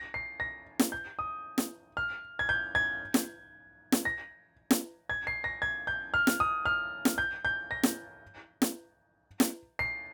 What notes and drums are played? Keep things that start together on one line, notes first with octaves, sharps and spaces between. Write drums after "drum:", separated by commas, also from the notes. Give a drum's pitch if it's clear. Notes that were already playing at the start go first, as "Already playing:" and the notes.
Already playing: A#6
C7
A#6
drum: snare
G6
D#6
drum: snare
F6
G#6
G6
G#6
drum: snare
drum: snare
A#6
drum: snare
G#6
C7
A#6
G#6
G6
F6
drum: snare
D#6
F6
drum: snare
G6
G6
A#6
drum: snare
drum: snare
drum: snare
C7